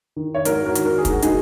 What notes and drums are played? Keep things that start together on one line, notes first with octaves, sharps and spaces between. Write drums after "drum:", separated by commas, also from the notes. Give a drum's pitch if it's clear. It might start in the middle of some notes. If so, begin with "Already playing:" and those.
D#3
C#5
G#2 F#4 A#4, drum: hi-hat
F#4 A#4
D#3, drum: hi-hat
A#4
G#4
G#2, drum: kick, hi-hat
F#4
D#4 G#4, drum: hi-hat